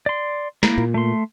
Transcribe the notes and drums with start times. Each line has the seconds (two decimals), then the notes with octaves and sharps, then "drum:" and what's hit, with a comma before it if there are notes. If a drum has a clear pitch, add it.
0.06 D5 C6
0.63 A#3 E4 A#4, drum: snare
0.78 A#2
0.94 A3 C6